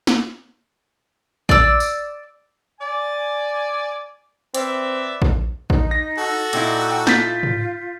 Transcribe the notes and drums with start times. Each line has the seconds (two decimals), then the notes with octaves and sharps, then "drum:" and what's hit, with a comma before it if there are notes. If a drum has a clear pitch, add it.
0.07 drum: snare
1.49 D5 E6, drum: kick A#1
1.80 drum: tambourine
2.80 D5 G#5
4.55 C4 B4 D5 E5, drum: hi-hat
5.22 drum: kick A#1
5.70 D#4, drum: kick A#1
5.91 A#6
6.18 F#4 A4
6.53 A#2 D#4 E4 G5, drum: cymbal
7.07 F4 G6 A6 B6, drum: snare
7.43 drum: tom G#2